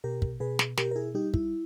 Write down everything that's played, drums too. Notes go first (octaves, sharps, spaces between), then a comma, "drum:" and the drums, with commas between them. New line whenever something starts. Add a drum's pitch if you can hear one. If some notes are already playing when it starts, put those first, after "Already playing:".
B2 G4 A#4
drum: kick
B2 G#4 B4
drum: snare
B2 G4 A#4, drum: snare
A#4
E4 G#4
G3 D#4 G4
E4, drum: kick